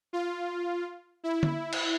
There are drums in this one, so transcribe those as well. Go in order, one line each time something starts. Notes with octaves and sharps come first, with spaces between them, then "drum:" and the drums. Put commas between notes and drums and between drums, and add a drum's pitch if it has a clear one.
F4
E4
drum: tom
drum: cymbal